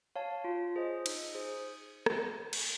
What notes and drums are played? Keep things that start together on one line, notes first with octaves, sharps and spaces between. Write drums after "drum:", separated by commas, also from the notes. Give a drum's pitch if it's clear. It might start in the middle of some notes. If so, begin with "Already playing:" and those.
C#5 F5 A5
F4
G#4 C5 D#5
D#4, drum: cymbal
G#4 C5
drum: rim click
drum: cymbal